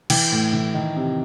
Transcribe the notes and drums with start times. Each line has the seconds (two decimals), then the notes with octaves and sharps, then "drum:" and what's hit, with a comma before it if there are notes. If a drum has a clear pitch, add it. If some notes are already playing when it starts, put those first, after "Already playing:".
0.10 E3 G5, drum: cymbal
0.32 A2
0.53 E3
0.74 D#3
0.96 C3